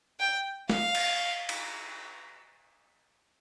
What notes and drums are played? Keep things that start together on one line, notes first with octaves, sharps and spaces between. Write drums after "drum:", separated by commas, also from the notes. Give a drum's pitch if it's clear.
G5
F5, drum: snare
drum: cymbal
drum: cymbal